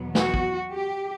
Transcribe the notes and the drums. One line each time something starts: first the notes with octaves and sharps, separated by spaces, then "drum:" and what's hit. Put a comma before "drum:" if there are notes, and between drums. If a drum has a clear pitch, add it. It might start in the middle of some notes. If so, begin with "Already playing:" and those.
Already playing: E2 B2 F#3 B3
F#4, drum: snare
drum: kick
G4